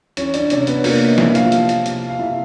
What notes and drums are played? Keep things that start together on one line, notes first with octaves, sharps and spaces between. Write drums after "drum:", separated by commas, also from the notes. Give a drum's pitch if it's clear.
E3 C#4 C#5, drum: hi-hat
D4 D5, drum: hi-hat
C3 C#4 C#5, drum: hi-hat
B3 B4, drum: hi-hat
C3 A#3 A#4, drum: open hi-hat
D#5
C2 E4 E5, drum: snare
F4 F5, drum: hi-hat
F3, drum: hi-hat
drum: hi-hat
C3, drum: hi-hat
F5
C3 E4 E5